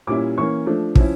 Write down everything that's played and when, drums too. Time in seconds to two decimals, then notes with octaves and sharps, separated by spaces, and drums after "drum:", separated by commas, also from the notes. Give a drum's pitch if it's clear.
0.07 A#2 G3 C#4 E4 D6
0.38 E3 A#3 C#4 C#6
0.66 F3 A3 D4
0.95 F3 C#4 E4, drum: kick